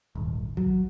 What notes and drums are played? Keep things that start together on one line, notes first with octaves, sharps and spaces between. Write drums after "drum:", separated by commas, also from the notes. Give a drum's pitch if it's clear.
D#1 G#1
F#3, drum: kick